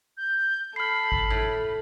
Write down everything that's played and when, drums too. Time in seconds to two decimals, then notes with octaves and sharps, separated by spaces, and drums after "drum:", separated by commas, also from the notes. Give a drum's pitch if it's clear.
0.17 G6
0.76 A4 B5 F6 C7
1.12 drum: kick G#1
1.30 A2